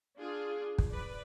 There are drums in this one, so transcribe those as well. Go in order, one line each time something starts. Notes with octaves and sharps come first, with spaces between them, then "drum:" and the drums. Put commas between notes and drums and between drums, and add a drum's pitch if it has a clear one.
D4 F4 G#4
drum: kick
B4 D5